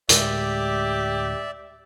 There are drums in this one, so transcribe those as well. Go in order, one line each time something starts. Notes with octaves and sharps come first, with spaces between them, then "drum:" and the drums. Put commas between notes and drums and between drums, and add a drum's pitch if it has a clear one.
D2 A2 G#3 G4 D5 E5, drum: hi-hat